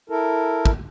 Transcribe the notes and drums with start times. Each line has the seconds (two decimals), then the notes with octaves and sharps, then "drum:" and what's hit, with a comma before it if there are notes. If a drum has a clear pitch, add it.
0.10 E4 A4 A#4
0.65 drum: kick